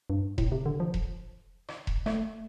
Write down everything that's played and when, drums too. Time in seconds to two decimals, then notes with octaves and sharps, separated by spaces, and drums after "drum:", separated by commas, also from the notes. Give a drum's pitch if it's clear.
0.10 G2
0.38 A2, drum: kick E1
0.52 C3
0.66 D3
0.80 F3
0.94 drum: kick E1
1.68 drum: rim click
1.87 drum: kick E1
2.06 A3, drum: rim click